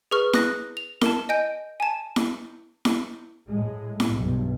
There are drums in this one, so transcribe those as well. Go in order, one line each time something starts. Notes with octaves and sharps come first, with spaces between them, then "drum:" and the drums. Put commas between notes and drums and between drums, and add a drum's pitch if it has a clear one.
G#4 B4 C#6 F6
D#6 F#6 A#6, drum: snare E4
F7
A#4 A5, drum: snare E4
D#5 G#5 G6 D7
G#5 A5
drum: snare E4
drum: snare E4
A2 G#3
drum: snare E4
B1 G2